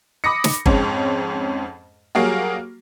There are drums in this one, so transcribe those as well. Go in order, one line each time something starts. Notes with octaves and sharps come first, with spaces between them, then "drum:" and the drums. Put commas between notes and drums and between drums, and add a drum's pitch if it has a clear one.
B5 D6 D#6 A#6 C#7
drum: snare
F2 G#2 C#4, drum: kick G1
F#3 G3 A#3 F#4 G#4